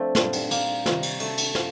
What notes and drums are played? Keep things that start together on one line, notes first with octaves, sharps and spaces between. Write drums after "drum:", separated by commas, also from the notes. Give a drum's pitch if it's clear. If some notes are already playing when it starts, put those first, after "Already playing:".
Already playing: F3 A3 C4 D4
A#2 G3, drum: snare
drum: cymbal
A#3, drum: cymbal
C3 D#3 G3, drum: snare
drum: cymbal
A3, drum: cymbal
drum: cymbal
F3, drum: snare